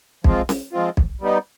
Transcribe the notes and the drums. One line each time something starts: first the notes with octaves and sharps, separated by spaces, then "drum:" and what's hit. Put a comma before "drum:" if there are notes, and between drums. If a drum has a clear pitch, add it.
F3 G#3 C4 F4, drum: kick B1
drum: snare C#4
F3 G#3 C4 F4
drum: kick B1
G3 B3 D#4